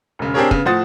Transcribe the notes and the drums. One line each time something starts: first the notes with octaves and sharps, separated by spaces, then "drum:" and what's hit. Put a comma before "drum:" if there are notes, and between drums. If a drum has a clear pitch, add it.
E1 C#3
C4 D4 G4 G#4 A#4 C#5
C#3 B3, drum: kick
A2 F3 C5 F#5 D#6 A6